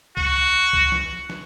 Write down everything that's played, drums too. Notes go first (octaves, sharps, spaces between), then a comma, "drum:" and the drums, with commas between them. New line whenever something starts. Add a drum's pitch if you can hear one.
F#4, drum: kick C2
drum: kick C2
drum: snare
drum: snare